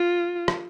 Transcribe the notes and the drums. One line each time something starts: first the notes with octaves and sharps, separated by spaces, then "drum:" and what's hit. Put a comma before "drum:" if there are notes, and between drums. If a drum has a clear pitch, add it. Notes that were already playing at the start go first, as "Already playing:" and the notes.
Already playing: F4
drum: rim click